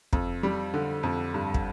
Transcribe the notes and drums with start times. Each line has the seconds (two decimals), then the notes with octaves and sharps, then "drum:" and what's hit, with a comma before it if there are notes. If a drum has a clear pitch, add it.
0.13 F2, drum: kick
0.43 G3
0.74 D3
1.03 F2
1.34 G2
1.54 drum: kick